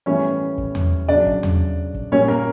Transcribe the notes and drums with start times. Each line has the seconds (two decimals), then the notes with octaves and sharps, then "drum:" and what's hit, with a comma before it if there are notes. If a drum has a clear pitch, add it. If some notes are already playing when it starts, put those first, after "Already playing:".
0.06 A2 E3 G3 C#4 C#5
0.58 drum: kick
0.75 drum: tom E2
1.08 C#3 F#3 D4 D5
1.26 drum: kick
1.43 drum: tom E2
1.94 drum: kick
2.12 A#2 G3 C#4 C#5
2.28 A#3 A#4